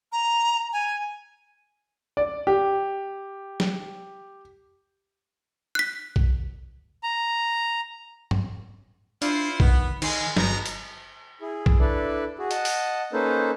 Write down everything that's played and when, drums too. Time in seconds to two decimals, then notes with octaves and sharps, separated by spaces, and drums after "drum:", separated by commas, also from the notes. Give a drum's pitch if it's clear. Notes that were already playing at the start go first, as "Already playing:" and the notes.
0.12 A#5
0.73 G#5
2.17 D5
2.47 G4
3.60 drum: snare
5.75 F#6 B6
6.16 drum: kick B1
7.03 A#5
8.31 drum: tom
9.22 D4 E4 F4 C5, drum: hi-hat
9.60 D#3 B3, drum: kick B1
10.02 D#3 G#3, drum: cymbal
10.36 G1 B2 G#3 A#5, drum: snare
10.66 drum: hi-hat
11.41 E4 G#4
11.66 drum: kick B1
11.80 D4 E4 A4 B4 D5
12.39 F#4 G#4
12.51 D#5 F#5 A5, drum: hi-hat
12.65 drum: open hi-hat
13.13 A#3 C#4 D#4 A4 B4 C5